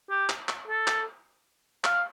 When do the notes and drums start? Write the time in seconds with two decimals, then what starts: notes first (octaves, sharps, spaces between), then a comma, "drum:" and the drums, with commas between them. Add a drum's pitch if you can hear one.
0.10 G4
0.29 drum: clap
0.49 drum: clap
0.67 A4
0.87 drum: clap
1.84 F5, drum: clap